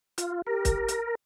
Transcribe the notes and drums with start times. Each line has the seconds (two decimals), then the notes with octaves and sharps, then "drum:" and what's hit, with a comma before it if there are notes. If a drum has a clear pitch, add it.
0.18 F4, drum: hi-hat
0.47 G4 A#4
0.65 drum: kick, hi-hat
0.88 drum: hi-hat